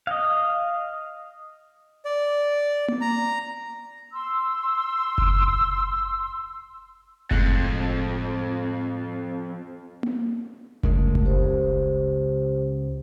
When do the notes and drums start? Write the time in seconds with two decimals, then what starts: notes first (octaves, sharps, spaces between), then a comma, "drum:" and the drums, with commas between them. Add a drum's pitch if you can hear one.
0.07 D#5 F5
2.05 D5
2.88 drum: tom A#3
3.01 A#5
4.12 C6 E6
5.18 drum: kick F#1
7.31 F2 A2 G#3 F#6, drum: kick F#1
10.03 drum: tom A#3
10.83 C#2 G#3 A3 A#4, drum: kick F#1
11.15 drum: kick F#1
11.25 G4 C5